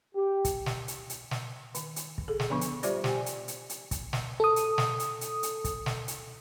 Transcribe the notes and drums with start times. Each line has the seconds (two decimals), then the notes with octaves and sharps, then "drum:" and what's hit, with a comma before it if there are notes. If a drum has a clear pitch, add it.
0.15 G4
0.45 drum: kick, hi-hat
0.66 drum: snare
0.88 drum: hi-hat
1.10 drum: hi-hat
1.31 drum: snare
1.75 D#3, drum: hi-hat
1.96 drum: hi-hat
2.18 drum: kick
2.28 G#4 A4
2.40 drum: snare
2.50 D3 F3 B3 D4 B4 C#6
2.61 drum: hi-hat
2.83 G3 F4 G4 C5 D5, drum: hi-hat
3.04 G4 G5 G#5, drum: snare
3.26 drum: hi-hat
3.48 drum: hi-hat
3.70 drum: hi-hat
3.91 drum: kick, hi-hat
4.13 drum: snare
4.40 A4 D#6
4.56 drum: hi-hat
4.78 drum: snare
4.99 drum: hi-hat
5.21 drum: hi-hat
5.43 drum: hi-hat
5.64 drum: kick, hi-hat
5.86 drum: snare
6.08 drum: hi-hat